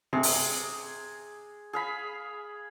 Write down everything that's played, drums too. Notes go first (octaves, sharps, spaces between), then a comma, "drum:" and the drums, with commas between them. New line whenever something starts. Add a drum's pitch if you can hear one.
C3 G#4
drum: open hi-hat
G#4 F5 B5